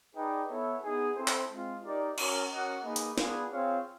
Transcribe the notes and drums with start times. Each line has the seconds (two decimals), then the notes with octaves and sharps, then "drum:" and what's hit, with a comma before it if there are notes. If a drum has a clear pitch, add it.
0.16 D#4 G#4 B4 D5 G5
0.49 B3 E4 A4 C#5 E5
0.82 B3 D#4 G#4
1.16 C4 E4 A4 C5
1.28 drum: clap
1.51 G#3 C4 F4
1.83 D#4 G4 A#4 D5
2.18 C#4 F#4 A#4, drum: cymbal
2.51 C#4 F#4 A#4 D#5 F#5
2.84 A#3 D#4 G#4 B4 D#5
2.96 drum: hi-hat
3.18 B3 D4 F4 G#4 B4, drum: snare
3.51 C4 F4 G#4 C#5 F5